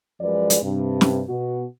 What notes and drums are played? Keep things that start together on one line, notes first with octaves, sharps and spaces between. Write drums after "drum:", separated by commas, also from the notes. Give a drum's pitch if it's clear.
F#2 F3 G#3 B4 D5
drum: hi-hat
G2 C3
drum: snare
B2 F#4